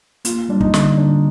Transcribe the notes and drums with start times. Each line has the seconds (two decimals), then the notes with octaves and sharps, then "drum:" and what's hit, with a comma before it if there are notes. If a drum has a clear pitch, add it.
0.25 A#3 F4, drum: hi-hat
0.49 G3 D4
0.60 D#4, drum: kick
0.74 D3, drum: snare
0.97 D3 D4